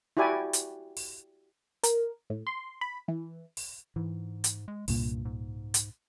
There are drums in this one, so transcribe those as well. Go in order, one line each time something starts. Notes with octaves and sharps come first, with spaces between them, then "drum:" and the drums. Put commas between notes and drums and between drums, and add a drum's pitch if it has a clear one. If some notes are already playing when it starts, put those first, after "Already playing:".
E4 F#4 G4 D5 G#5
drum: hi-hat
drum: open hi-hat
A#4, drum: hi-hat
A2
C6
B5
E3
drum: open hi-hat
G#2 E3
drum: hi-hat
G#3
C2 G2 A#2, drum: open hi-hat
G#2
drum: hi-hat